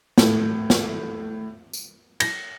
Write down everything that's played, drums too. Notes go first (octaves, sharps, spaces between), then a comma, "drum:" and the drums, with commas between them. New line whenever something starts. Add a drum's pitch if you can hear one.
A2, drum: snare
drum: snare
drum: tambourine
A#6, drum: cymbal